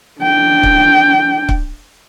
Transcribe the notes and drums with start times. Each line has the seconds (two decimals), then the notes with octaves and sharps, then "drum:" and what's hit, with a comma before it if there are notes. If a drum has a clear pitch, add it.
0.21 D4 G5
0.63 drum: kick C#1
1.49 drum: kick C#1